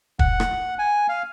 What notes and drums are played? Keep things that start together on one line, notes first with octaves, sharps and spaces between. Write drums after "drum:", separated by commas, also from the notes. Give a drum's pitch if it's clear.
F#5, drum: kick
drum: rim click
G#5
F5